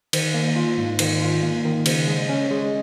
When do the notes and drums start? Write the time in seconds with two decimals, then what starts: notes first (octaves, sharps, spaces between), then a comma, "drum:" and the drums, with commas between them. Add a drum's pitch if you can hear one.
0.13 D#3, drum: cymbal
0.34 A#3
0.56 F4
0.78 G#2
0.99 D#3, drum: cymbal
1.22 F4
1.43 A#3
1.64 D#3
1.86 C#3, drum: cymbal
2.07 G#3
2.29 C#4
2.51 G#3